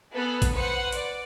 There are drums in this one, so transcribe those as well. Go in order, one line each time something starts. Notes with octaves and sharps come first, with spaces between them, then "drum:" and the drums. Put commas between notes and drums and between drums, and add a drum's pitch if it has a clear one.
B3 G#4 A4 B4
drum: kick, hi-hat
B4 C5 F#5 C#7
D5, drum: hi-hat